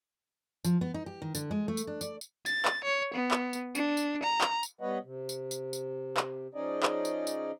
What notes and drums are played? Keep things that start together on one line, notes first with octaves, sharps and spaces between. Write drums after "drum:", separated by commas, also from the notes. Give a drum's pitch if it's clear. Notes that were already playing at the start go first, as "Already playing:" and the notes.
F3, drum: tambourine
B3
D#4
G4
D#3
D3, drum: tambourine
G#3
A3
drum: tambourine
D4
D5, drum: tambourine
drum: tambourine
A6, drum: tambourine
drum: clap
C#5
B3
drum: clap
drum: tambourine
D4, drum: tambourine
drum: tambourine
A#5
drum: clap
drum: tambourine
G3 B3 B4 C#5 D#5 F#5
C3
drum: tambourine
drum: tambourine
drum: tambourine
drum: clap
F3 C#4 D#4 G#4 D5 D#5
drum: clap
drum: tambourine
drum: tambourine